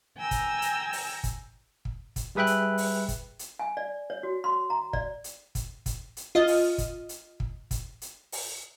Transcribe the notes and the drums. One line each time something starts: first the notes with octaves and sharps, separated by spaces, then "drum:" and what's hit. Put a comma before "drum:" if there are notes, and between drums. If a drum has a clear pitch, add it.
G5 G#5 A#5 E6 A#6
drum: kick, hi-hat
drum: hi-hat
drum: open hi-hat
drum: kick, hi-hat
drum: kick
drum: kick, hi-hat
G3 G#4 B4 E5 G5 F#6
drum: hi-hat
drum: open hi-hat
drum: kick, hi-hat
drum: hi-hat
G#5
D5
C#5
F#4
C6
A#5
D5, drum: kick
drum: hi-hat
drum: kick, hi-hat
drum: kick, hi-hat
drum: hi-hat
F4 D#5
drum: open hi-hat
drum: kick, hi-hat
drum: hi-hat
drum: kick
drum: kick, hi-hat
drum: hi-hat
drum: open hi-hat